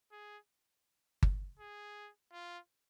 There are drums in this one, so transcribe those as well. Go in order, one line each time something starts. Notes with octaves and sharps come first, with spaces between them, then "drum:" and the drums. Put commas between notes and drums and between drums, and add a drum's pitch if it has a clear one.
G#4
drum: kick G1
G#4
F4